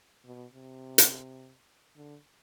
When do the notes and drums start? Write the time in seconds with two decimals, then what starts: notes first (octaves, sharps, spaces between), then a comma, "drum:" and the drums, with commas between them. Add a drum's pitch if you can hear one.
0.25 B2
0.53 C3
0.98 drum: hi-hat
1.97 D3